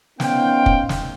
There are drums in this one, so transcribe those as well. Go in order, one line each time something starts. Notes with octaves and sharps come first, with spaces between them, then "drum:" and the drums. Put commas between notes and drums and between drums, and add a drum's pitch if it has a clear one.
B3 C#4 D#4 C5 F5 G5, drum: snare
drum: kick
drum: snare